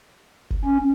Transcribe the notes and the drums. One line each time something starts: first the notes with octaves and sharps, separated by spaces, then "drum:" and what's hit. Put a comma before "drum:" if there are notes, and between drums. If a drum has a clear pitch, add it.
drum: kick F#1
C#4